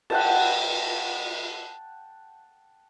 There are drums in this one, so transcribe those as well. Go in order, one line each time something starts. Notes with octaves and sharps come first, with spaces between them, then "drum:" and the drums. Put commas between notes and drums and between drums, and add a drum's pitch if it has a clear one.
F#5 G5 A5, drum: cymbal